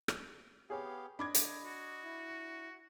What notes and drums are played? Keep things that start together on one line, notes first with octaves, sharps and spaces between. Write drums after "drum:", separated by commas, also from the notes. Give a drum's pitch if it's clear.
drum: rim click
B3 G4 G#4 C#5 F5
D4 D#5 B5 D6 G#6
drum: hi-hat
F#4
E4